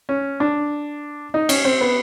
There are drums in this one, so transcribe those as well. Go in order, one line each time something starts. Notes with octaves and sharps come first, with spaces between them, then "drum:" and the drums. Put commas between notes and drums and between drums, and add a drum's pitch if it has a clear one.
C#4
D4
D#4
C#4, drum: cymbal
C4
B3